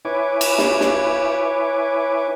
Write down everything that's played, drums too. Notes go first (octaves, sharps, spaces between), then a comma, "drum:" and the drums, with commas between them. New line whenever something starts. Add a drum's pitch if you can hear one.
E4 B4 C#5 G#5 D6
drum: cymbal
drum: snare
drum: snare